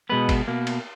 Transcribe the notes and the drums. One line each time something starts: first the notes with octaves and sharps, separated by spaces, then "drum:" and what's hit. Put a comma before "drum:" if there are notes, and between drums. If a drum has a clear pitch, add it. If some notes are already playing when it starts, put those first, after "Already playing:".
B2 G#3 B3 B4
drum: kick, cymbal
B2 A#3
drum: cymbal